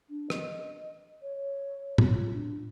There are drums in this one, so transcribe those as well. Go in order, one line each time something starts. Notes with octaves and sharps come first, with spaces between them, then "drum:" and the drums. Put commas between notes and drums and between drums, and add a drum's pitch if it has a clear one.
D4
D#5, drum: rim click
C#5
drum: tom
F4
D4